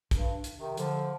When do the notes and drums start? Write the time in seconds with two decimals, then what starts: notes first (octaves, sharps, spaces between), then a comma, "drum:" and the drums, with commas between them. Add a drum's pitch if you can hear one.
0.11 G2, drum: kick, hi-hat
0.44 drum: hi-hat
0.54 C3 D#3
0.77 D3 F3, drum: hi-hat